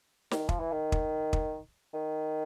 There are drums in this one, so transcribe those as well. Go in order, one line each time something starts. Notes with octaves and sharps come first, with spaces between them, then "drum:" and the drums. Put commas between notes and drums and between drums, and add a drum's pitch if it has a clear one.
D#3, drum: snare
F3, drum: kick
E3
D#3
drum: kick
drum: kick
D#3